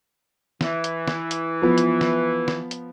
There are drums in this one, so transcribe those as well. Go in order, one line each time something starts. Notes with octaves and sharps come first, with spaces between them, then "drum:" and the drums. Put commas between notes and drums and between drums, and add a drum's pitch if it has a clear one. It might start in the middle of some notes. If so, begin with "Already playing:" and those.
E3, drum: snare
drum: hi-hat
drum: snare
drum: hi-hat
F3 B3
drum: hi-hat
drum: snare
drum: snare
drum: hi-hat